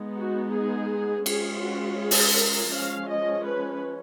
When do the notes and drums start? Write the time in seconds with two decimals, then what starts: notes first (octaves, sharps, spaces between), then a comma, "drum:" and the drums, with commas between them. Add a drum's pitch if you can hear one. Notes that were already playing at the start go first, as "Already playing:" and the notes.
Already playing: G#3 B3 D#4
0.16 F#4
0.52 G#4
1.26 G#3 C#4 F4 G#4, drum: cymbal
1.62 F#4
1.99 G#4
2.11 drum: open hi-hat
2.36 A#4
2.71 F3 G#3 C#4 F5
3.09 D#5
3.45 B4